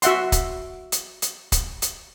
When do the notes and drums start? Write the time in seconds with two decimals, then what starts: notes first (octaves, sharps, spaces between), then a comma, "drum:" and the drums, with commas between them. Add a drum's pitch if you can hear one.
0.02 F#4 E5 F#5 C6, drum: hi-hat
0.32 drum: kick, hi-hat
0.92 drum: hi-hat
1.22 drum: hi-hat
1.52 drum: kick, hi-hat
1.82 drum: hi-hat